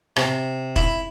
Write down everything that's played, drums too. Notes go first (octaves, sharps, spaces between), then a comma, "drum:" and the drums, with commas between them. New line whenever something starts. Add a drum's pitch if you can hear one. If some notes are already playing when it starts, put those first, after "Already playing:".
C3, drum: rim click
E4, drum: kick